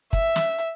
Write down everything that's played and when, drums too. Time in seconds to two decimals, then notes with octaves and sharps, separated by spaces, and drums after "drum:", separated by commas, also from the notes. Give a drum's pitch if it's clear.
0.13 E5, drum: kick, hi-hat
0.36 drum: snare
0.58 drum: hi-hat